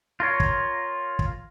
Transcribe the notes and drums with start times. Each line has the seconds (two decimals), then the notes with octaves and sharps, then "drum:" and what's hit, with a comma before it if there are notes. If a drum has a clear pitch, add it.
0.20 F4 A#4 C#5
0.40 drum: kick
1.19 drum: kick